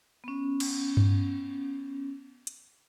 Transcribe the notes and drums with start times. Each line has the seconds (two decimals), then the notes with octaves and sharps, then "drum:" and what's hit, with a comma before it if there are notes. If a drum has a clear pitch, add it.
0.24 B3 C#4
0.60 drum: cymbal
0.97 drum: tom G2
2.47 drum: hi-hat